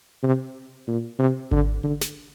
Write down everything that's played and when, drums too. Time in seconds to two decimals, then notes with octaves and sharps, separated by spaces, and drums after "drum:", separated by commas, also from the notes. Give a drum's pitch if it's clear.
0.23 C3
0.88 A#2
1.19 C3
1.51 D3, drum: kick G#1
1.83 D3
2.01 drum: snare